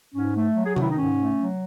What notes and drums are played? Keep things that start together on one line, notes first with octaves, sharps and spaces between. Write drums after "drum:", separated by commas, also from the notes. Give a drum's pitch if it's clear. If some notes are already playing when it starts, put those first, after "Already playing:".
G#2 C#4
A3
F#3
G#4
F#4
D#3 E4, drum: tom C3
D#4
G#2 C#4
A3
F#3